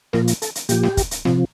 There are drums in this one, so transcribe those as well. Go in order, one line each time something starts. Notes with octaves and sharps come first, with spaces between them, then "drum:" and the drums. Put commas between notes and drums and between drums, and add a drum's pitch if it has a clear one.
A#2 F3 A#4, drum: snare
drum: hi-hat
A4, drum: hi-hat
drum: hi-hat
A#2 F3 G4, drum: hi-hat
drum: snare
drum: kick, hi-hat
drum: hi-hat
C3 F3, drum: snare